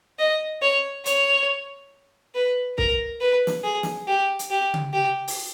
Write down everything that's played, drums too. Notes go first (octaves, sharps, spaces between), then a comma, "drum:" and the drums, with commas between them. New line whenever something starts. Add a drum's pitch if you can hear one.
D#5
C#5
C#5, drum: hi-hat
B4
A#4, drum: kick C2
B4
drum: snare
G#4
drum: snare
G4
drum: hi-hat
G4
drum: tom C#3
G4
drum: open hi-hat